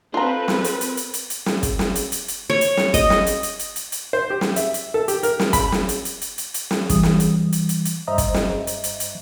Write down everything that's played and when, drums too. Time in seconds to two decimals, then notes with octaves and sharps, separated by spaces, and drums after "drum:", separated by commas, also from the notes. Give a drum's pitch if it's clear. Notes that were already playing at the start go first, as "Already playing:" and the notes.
0.14 C4 F4 A4 B4 A#5
0.48 drum: snare
0.64 drum: hi-hat
0.81 drum: hi-hat
0.97 drum: hi-hat
1.14 drum: hi-hat
1.30 drum: hi-hat
1.46 drum: snare
1.63 drum: kick, hi-hat
1.79 drum: snare
1.95 drum: hi-hat
2.12 drum: hi-hat
2.28 drum: hi-hat
2.50 C#5
2.61 drum: hi-hat
2.77 drum: snare
2.94 D#5, drum: kick, hi-hat
3.10 drum: snare
3.27 drum: hi-hat
3.43 drum: hi-hat
3.59 drum: hi-hat
3.76 drum: hi-hat
3.92 drum: hi-hat
4.13 C5
4.30 G4
4.41 drum: snare
4.56 E5, drum: hi-hat
4.74 drum: hi-hat
4.94 A4
5.08 G4, drum: hi-hat
5.23 A#4, drum: hi-hat
5.39 drum: snare
5.53 B5, drum: kick, hi-hat
5.72 drum: snare
5.89 drum: hi-hat
6.05 drum: hi-hat
6.21 drum: hi-hat
6.38 drum: hi-hat
6.54 drum: hi-hat
6.71 drum: snare
6.89 E3 G3 D#6, drum: kick, hi-hat
7.03 drum: snare
7.20 drum: hi-hat
7.52 drum: hi-hat
7.69 drum: hi-hat
7.85 drum: hi-hat
8.07 G2 C5 D#5 E5 A#5 D#6
8.18 drum: kick, hi-hat
8.34 drum: snare
8.67 drum: hi-hat
8.84 drum: hi-hat
9.00 drum: hi-hat